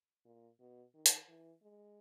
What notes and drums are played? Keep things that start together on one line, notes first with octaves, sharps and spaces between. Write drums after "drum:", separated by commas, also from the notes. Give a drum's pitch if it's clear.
A#2
B2
D#3
drum: hi-hat
E3
G#3